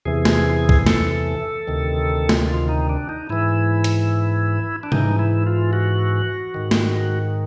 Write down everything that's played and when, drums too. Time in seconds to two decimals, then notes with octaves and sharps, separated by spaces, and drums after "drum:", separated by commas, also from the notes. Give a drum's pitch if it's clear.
0.05 E2 C3 E3 G#4
0.25 drum: snare
0.69 drum: kick
0.86 A4, drum: snare
1.67 D2 C3 D#3
2.29 drum: snare
2.49 F4
2.69 D#4
2.89 D4
3.09 D#4
3.29 G#2 E3 E4
3.84 drum: hi-hat
4.83 D4
4.92 G#2 E3 D#4, drum: tom
5.19 E4
5.46 F4
5.73 F#4
6.54 G#2 D#3
6.71 drum: snare